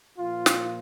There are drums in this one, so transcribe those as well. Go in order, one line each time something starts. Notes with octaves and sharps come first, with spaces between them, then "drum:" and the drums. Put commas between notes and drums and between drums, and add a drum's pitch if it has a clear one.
A#2 F3 F4
drum: snare